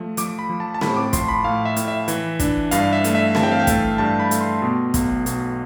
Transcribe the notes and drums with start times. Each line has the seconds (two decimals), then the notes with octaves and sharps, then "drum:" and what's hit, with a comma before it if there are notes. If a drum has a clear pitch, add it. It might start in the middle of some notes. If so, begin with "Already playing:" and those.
Already playing: F3 A3
0.17 F3 D6, drum: hi-hat
0.39 B5
0.50 F3
0.60 A5
0.74 A5
0.81 A2 B5, drum: snare C4
0.97 D6
1.13 F3 C6, drum: kick, hi-hat
1.28 B5
1.44 A2 F5
1.65 E5
1.76 A2, drum: hi-hat
1.88 E5
2.08 E3, drum: hi-hat
2.40 D4, drum: kick, hi-hat
2.71 G2 F5, drum: hi-hat
2.93 E5
3.04 A3, drum: hi-hat
3.15 E5
3.35 E3 A5, drum: snare C4
3.43 G5
3.52 F5
3.60 G5
3.67 A3, drum: kick, hi-hat
3.98 G2 A5
4.20 B5
4.31 A3, drum: hi-hat
4.41 C6
4.62 B2
4.94 B1, drum: kick, hi-hat
5.26 B2, drum: hi-hat